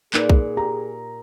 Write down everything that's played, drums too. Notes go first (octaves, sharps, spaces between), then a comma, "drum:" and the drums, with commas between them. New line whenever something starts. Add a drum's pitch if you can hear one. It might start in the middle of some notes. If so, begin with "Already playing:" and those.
A#2 A#3 D#4 G#4 B4, drum: clap
drum: kick B1
G4 A#5